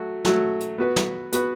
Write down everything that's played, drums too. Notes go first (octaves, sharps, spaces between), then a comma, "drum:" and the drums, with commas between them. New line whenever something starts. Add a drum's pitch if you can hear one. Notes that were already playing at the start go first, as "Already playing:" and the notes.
Already playing: F#3 A3 F#4
F#3 A3 F#4, drum: snare
drum: hi-hat
B3 F#4 B4
drum: snare
B3 F#4 B4, drum: hi-hat